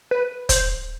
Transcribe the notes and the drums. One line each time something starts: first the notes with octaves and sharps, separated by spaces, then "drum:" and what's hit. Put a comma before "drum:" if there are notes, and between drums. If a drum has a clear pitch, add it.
B4
C5, drum: kick, hi-hat